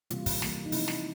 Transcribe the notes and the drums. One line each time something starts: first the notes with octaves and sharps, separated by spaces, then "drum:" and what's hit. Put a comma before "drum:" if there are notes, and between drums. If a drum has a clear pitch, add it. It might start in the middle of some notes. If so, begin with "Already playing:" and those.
C3 E3 G3 A#3 F4, drum: hi-hat
drum: kick, open hi-hat
C3 E3 G3 A#3, drum: snare
D#4
C3 F3 A3 E4, drum: open hi-hat
drum: snare